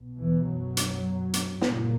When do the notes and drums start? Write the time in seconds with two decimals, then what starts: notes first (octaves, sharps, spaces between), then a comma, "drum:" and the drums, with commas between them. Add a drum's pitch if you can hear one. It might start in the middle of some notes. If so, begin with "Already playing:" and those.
Already playing: B1 B2
0.20 E2 E3
0.48 F#2 F#3
0.77 drum: hi-hat
1.34 drum: hi-hat
1.61 G1 F#2 A#2 C#3 A#3, drum: snare